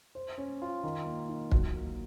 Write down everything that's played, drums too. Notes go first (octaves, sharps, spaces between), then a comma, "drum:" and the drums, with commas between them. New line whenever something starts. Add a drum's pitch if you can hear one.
C5
C#4
F4
D#3
A#3
D#4
F#3, drum: kick
A#3